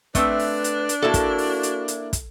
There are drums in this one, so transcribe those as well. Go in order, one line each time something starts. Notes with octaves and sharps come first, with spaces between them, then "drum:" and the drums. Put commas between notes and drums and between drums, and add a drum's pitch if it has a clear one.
A3 C4 D4 B4 E5, drum: kick, hi-hat
drum: open hi-hat
drum: hi-hat
drum: hi-hat
A#3 E4 F#4 A4 A5
drum: kick, hi-hat
drum: open hi-hat
drum: hi-hat
drum: hi-hat
drum: kick, hi-hat